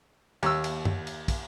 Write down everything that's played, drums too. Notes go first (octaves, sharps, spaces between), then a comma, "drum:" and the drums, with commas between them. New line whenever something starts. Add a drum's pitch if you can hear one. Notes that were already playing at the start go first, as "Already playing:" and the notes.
D#2 E6, drum: cymbal
drum: cymbal
drum: tom F#2
drum: cymbal
drum: kick, cymbal